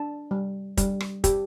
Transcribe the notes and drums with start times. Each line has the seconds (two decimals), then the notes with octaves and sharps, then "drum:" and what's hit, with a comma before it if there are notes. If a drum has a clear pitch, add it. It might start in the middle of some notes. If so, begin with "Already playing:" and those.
Already playing: D4 A5
0.31 G3
0.77 G3, drum: kick, hi-hat
1.01 drum: rim click
1.24 G4, drum: kick, hi-hat